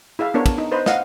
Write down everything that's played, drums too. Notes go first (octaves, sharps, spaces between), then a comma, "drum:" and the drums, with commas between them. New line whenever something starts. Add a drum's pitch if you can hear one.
E4 G#4 E5 F5
B3 D4 A#4 C#5
drum: kick, cymbal
D#4
B4 C5 D#5
D#5 F5 F#5, drum: snare